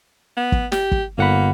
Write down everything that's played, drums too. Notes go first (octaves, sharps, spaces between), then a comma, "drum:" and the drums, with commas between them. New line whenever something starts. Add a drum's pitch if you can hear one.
B3
drum: kick
G4, drum: snare
drum: kick
G1 A#3 F#5 B5